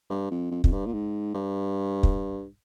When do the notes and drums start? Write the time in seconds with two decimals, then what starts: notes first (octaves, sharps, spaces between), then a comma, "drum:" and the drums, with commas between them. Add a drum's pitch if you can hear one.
0.10 G2
0.31 F2
0.51 F2
0.64 F2, drum: kick
0.73 G2
0.86 A#2
0.93 G#2
1.34 G2
2.03 drum: kick